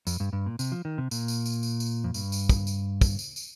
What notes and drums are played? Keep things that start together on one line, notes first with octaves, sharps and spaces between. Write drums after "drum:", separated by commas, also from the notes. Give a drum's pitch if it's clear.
F2, drum: tambourine
G2
G2
A#2
C3, drum: tambourine
F3
D#3
C3
A#2, drum: tambourine
drum: tambourine
drum: tambourine
drum: tambourine
drum: tambourine
F2
G2, drum: tambourine
drum: tambourine
drum: kick, tambourine
drum: tambourine
drum: kick, tambourine
drum: tambourine
drum: tambourine